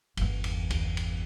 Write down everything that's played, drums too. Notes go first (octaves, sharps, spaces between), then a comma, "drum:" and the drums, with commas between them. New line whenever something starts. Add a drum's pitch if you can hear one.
G1 E2, drum: cymbal
drum: cymbal
drum: kick C2, cymbal
drum: cymbal